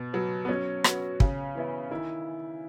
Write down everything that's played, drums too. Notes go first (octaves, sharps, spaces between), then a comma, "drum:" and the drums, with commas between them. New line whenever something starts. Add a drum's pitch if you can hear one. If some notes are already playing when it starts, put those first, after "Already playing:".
Already playing: B2
F#3 B3
B3
F#3 C#4
B3 F#4, drum: rim click
C#3, drum: kick
E3 B3 E4
D#3 E4